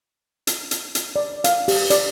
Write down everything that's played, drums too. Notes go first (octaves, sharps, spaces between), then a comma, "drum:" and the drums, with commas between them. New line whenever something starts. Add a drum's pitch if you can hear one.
drum: hi-hat
drum: hi-hat
drum: hi-hat
D5
F5, drum: hi-hat
G4, drum: open hi-hat
D5, drum: hi-hat